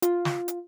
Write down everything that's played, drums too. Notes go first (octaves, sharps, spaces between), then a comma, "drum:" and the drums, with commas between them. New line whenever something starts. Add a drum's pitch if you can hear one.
F4, drum: hi-hat
drum: snare
drum: hi-hat